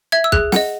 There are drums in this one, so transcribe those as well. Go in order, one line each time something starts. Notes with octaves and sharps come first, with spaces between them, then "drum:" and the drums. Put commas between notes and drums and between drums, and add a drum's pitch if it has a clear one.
E5 G#6
E6
G#4 F#6, drum: kick
D#5 F#5, drum: snare